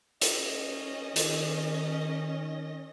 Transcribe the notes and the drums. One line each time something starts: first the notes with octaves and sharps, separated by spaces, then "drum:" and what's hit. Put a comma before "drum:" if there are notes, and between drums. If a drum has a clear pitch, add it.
C#4 D#5, drum: hi-hat
D#3, drum: hi-hat